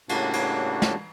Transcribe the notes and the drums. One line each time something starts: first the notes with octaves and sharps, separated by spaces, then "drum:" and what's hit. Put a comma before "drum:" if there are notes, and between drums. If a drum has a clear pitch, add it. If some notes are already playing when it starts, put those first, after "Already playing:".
A2 C#3 G3 A#3 D4 F#4, drum: cymbal
drum: cymbal
drum: snare